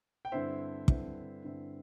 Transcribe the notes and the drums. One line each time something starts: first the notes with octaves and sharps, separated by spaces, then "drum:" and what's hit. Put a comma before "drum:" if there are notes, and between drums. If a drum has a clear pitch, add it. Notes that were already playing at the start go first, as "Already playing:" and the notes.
G5
G2 D3 C4 E4 C5 E5
G2 D3 C4 E4, drum: kick
G2 D3 C4 E4